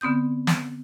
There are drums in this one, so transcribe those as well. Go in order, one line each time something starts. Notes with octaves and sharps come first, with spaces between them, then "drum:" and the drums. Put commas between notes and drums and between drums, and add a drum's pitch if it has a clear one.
D3 B3 C4 D#6 G6
drum: snare